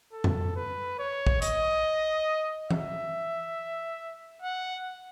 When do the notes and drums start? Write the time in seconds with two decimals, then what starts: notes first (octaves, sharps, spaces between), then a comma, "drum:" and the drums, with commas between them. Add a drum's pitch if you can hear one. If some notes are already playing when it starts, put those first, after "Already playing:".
0.13 A4
0.24 drum: tom F2
0.56 B4
0.99 C#5
1.27 drum: kick
1.42 D#5, drum: hi-hat
2.70 E5, drum: tom E3
4.42 F#5